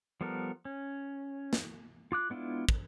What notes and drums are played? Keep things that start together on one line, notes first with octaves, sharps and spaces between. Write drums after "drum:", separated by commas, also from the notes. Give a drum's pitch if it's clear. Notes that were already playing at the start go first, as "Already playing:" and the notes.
F3 G3 B3 A4 A#4
C#4
drum: snare
F4 D6 F#6
G#3 B3 D4 E4 F4
drum: kick